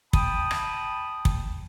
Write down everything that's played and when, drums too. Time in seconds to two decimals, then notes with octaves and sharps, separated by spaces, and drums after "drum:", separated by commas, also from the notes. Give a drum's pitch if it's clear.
0.13 G5 A5 B5 D#6, drum: kick
0.51 drum: rim click
1.25 drum: kick